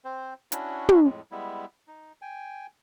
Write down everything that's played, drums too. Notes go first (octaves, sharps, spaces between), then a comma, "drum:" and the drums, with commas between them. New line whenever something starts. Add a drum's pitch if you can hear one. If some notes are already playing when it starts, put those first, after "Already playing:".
C4 C5
C#4 D4 E4 F#4, drum: hi-hat
drum: tom
F2 A2 G#3
G3 G#3 B3 E4
D#4
G5 G#5